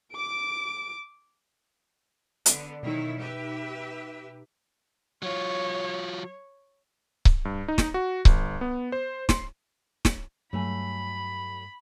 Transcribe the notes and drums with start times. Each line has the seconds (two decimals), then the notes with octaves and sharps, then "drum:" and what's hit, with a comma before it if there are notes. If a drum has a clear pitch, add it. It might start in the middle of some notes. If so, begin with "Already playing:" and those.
0.13 D6 D7
2.46 D3 B3, drum: hi-hat
2.83 B2 D#3 F#3 D#4 E4
3.19 G4 B4 E5
5.22 F#3 F4 C#5
7.25 drum: kick C#1
7.45 G2
7.68 D#4
7.78 drum: snare
7.94 F#4
8.25 G1, drum: kick C#1
8.61 B3
8.92 C5
9.29 C6, drum: snare
10.05 drum: snare
10.53 G2 F#3 A3 G#5 B5